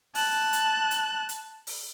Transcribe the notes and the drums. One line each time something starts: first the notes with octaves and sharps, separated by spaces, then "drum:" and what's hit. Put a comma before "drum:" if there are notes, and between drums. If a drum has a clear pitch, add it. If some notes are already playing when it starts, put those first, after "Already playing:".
A5 F#6, drum: open hi-hat
drum: hi-hat
drum: hi-hat
drum: hi-hat
drum: open hi-hat